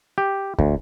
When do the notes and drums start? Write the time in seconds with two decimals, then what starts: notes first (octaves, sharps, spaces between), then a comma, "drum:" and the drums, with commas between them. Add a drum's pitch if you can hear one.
0.18 G4
0.59 D2, drum: kick